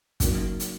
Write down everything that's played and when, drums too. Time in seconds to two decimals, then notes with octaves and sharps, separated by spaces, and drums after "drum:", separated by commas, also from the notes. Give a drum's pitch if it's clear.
0.20 C#3 F#3 A#3 D#4, drum: kick, hi-hat
0.60 drum: hi-hat